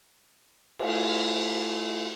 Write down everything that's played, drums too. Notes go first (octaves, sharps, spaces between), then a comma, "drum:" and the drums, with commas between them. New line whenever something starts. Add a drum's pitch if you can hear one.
A3 E4 F4 A4 F5 G#5, drum: cymbal